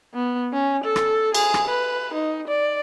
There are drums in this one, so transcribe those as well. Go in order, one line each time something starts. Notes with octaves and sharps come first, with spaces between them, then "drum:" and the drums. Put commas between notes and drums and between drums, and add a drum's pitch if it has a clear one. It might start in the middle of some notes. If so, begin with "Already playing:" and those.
B3
C#4
A4
drum: rim click
G#4, drum: cymbal
drum: rim click
B4
D#4
D5